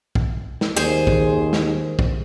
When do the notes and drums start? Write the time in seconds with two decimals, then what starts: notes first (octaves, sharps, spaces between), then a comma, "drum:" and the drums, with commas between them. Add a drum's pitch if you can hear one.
0.15 drum: kick
0.61 drum: snare
0.77 D#2 G#4 C5
1.07 drum: kick
1.53 drum: snare
1.99 drum: kick